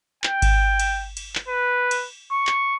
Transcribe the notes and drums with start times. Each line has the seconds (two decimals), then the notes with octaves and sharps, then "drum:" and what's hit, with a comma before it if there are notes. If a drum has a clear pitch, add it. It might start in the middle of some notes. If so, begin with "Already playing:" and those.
0.24 G5, drum: clap
0.42 drum: kick G#1, cymbal
0.80 drum: cymbal
1.17 drum: cymbal
1.35 drum: clap
1.48 B4
1.91 drum: cymbal
2.32 C#6
2.47 drum: clap